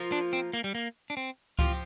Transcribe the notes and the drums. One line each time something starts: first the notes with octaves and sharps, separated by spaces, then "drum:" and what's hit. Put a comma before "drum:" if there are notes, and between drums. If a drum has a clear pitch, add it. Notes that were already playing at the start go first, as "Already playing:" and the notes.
Already playing: F3 A#3 F4
D4
C4
A#3
G3
A#3
D4
C4
F3 C4 F4 G4, drum: kick C#2